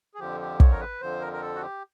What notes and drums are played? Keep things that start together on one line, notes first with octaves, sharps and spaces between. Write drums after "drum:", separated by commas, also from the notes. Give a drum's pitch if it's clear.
G#4
F2 D3 F3 G4
G4
C#5, drum: kick
A#4
B4
F2 D3 F3 C5
A#4
A#4
A4
F#4
G4